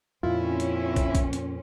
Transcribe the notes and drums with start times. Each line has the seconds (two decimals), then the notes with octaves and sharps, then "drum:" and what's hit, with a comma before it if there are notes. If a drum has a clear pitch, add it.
0.23 F2 A#2 C4 C#4 E4 F4
0.60 drum: hi-hat
0.96 drum: kick, hi-hat
1.15 drum: kick, hi-hat
1.33 drum: hi-hat